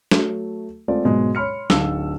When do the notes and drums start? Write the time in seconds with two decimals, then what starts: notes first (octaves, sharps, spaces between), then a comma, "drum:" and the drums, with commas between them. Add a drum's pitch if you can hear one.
0.11 F#3 A3, drum: snare
0.88 G#3 A3 C4 F4 D5
1.04 G#2 B2 F#3 G#3
1.35 C#5 B5 C6 F6 C#7
1.70 D1 D3 D#4 F5 A5 E6, drum: snare